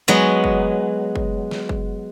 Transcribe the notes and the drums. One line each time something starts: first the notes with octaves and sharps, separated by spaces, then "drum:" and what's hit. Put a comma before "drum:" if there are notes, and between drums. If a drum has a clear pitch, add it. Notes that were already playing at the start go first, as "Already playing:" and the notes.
F#3 G#3 B3
drum: kick
drum: kick
drum: snare
drum: kick